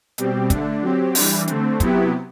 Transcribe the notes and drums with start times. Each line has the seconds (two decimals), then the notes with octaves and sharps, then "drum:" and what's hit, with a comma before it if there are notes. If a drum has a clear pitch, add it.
0.18 B2 G3 C4 G4, drum: hi-hat
0.50 D3 A3 D4, drum: kick, hi-hat
0.82 F#3 C4 G4
1.15 E3 G3 D4, drum: open hi-hat
1.48 D3 A3 C4, drum: hi-hat
1.80 C3 F#3 B3 E4 G4, drum: kick, hi-hat